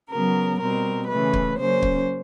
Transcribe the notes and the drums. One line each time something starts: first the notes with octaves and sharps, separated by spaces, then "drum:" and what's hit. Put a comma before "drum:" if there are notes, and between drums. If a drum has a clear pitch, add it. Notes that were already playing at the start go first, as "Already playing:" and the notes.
C#3 F#3 B3 A#4
B2 G3 C4 A#4
C#3 E3 A3 B4
drum: kick
C#3 F#3 A#3 C#4 C5
drum: kick